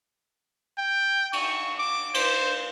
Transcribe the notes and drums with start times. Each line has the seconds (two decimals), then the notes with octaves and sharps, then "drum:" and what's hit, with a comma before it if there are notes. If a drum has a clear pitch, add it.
0.78 G5
1.33 C#6, drum: cymbal
1.78 D6
2.14 C5, drum: cymbal